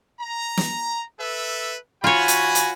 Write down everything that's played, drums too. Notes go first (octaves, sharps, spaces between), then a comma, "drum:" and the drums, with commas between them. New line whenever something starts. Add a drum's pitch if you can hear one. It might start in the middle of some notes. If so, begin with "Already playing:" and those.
A#5
drum: snare
A4 B4 E5
F4 F#4 C#5 G#5 B5
drum: hi-hat
drum: hi-hat